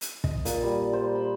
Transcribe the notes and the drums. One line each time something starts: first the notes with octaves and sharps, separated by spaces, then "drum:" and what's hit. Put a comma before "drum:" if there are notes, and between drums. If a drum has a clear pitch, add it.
drum: hi-hat
D#5, drum: kick
A#2, drum: hi-hat
G3
C5
B5